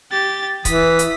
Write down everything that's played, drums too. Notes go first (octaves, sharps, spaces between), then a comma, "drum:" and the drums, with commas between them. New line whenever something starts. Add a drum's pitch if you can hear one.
G4 A6
E3 D#6 B6, drum: kick C#1, hi-hat
drum: hi-hat